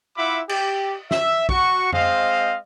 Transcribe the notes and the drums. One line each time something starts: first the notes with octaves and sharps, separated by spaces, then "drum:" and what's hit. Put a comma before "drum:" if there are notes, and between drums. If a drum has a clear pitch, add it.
E4 F4 E5 F#5 B5 D6
G4, drum: cymbal
E5, drum: snare
F#4 C#6, drum: kick
G#3 C4 C5 D#5 F5, drum: tom F2